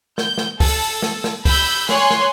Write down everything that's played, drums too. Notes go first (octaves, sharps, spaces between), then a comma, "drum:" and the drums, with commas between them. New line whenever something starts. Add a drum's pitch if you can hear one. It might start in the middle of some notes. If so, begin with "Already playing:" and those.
G6, drum: snare
drum: snare
A4, drum: kick, open hi-hat
drum: snare
drum: snare
B5 E6 G6, drum: kick, open hi-hat
C#5 G#5 C6 F#6, drum: snare
drum: snare